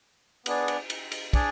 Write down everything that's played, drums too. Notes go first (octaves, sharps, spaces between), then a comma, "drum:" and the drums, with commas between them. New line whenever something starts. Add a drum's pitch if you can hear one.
B3 D4 G#4 D5, drum: cymbal
drum: cymbal
drum: cymbal
drum: cymbal
D4 G#4 D5, drum: kick, cymbal